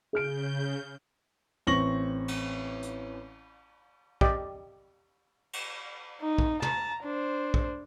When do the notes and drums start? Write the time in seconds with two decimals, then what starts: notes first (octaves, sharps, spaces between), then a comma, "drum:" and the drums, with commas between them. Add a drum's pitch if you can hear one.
0.13 C#3 G#4 F6 G6 D7
1.67 A1 C4 C#6 A#6 F#7
2.28 drum: cymbal
2.83 drum: hi-hat
4.21 G4 D5 D#5, drum: kick
5.53 drum: cymbal
6.21 D#4
6.38 drum: kick
6.62 A5 A#5, drum: tom
7.03 D4 C5
7.54 drum: kick